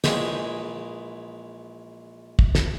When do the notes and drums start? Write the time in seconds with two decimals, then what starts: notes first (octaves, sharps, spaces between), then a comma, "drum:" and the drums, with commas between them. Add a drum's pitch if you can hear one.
0.04 A#1 E3 G#3 G5 D#6, drum: snare
2.39 drum: kick
2.55 drum: snare